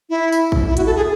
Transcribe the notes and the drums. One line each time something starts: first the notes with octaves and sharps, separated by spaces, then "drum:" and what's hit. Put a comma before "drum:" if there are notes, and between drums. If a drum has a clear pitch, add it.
E4
drum: tambourine
drum: kick
E4
F#4, drum: hi-hat
A4
G#4